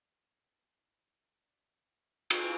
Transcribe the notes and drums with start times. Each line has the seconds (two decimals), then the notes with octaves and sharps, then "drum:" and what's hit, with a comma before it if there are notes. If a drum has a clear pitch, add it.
0.19 C#4
0.75 E4
1.30 G2 F#3 D5
1.85 E5
2.30 drum: cymbal